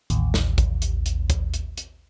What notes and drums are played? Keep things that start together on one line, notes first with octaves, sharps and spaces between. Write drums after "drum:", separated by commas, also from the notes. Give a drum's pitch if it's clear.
A1 D#2, drum: hi-hat
drum: snare
drum: kick, hi-hat
drum: hi-hat
drum: hi-hat
drum: kick, hi-hat
drum: hi-hat
drum: hi-hat